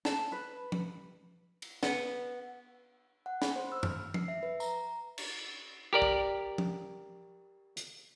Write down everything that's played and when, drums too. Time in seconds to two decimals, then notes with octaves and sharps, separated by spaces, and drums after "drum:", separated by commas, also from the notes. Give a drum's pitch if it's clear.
0.05 A5, drum: snare
0.32 B4
0.72 drum: tom
1.62 drum: cymbal
1.83 B3, drum: snare
3.26 F#5
3.42 B5, drum: snare
3.56 C5
3.72 E6
3.83 F6, drum: tom F#2
4.14 C7, drum: tom
4.28 E5
4.43 B4
4.60 A#5, drum: tambourine
5.18 drum: cymbal
5.93 G4 A#4 D5
6.02 drum: kick
6.58 drum: tom
7.77 drum: hi-hat